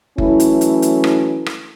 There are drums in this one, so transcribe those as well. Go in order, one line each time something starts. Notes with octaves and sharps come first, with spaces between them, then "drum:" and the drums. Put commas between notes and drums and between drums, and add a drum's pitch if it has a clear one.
E3 F#3 A3 C#4 E4, drum: kick F#1
drum: hi-hat
drum: hi-hat
drum: hi-hat
drum: rim click
drum: rim click